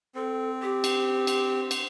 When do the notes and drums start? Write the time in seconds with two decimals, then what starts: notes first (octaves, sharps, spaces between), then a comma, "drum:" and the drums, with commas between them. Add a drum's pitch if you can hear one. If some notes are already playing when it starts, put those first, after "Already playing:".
0.15 C4 A4
0.62 G4
0.84 drum: cymbal
1.27 drum: cymbal
1.71 drum: cymbal